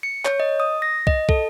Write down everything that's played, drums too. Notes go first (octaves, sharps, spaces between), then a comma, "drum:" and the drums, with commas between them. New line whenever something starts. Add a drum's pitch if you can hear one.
C#7
C#5, drum: clap
D#5
D#6
A#6
D#5, drum: kick
A4, drum: kick